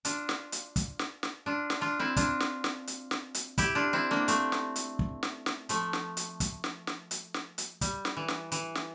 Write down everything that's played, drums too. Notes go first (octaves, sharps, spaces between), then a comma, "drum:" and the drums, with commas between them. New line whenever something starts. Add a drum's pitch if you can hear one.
D4 F4, drum: hi-hat
drum: snare
drum: hi-hat
drum: kick, hi-hat
drum: snare
drum: snare
D4 F4
drum: snare
D4 F4
C4 E4
D4 F4, drum: kick, hi-hat
drum: snare
drum: snare
drum: hi-hat
drum: snare
drum: hi-hat
E4 G4, drum: kick, hi-hat
D4 F4
C4 E4
A#3 D4
A3 C4, drum: hi-hat
drum: snare
drum: hi-hat
drum: kick
drum: snare
drum: snare
F3 A3, drum: hi-hat
drum: snare
drum: hi-hat
drum: kick, hi-hat
drum: snare
drum: snare
drum: hi-hat
drum: snare
drum: hi-hat
G3, drum: kick, hi-hat
drum: snare
E3
drum: snare
E3, drum: hi-hat
drum: snare